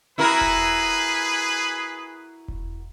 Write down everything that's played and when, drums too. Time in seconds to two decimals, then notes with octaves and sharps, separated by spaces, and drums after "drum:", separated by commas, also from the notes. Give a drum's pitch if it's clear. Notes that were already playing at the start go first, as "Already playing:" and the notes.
0.18 E4 F#4 G#4 A#4 B4
0.41 drum: kick E1
2.48 drum: kick E1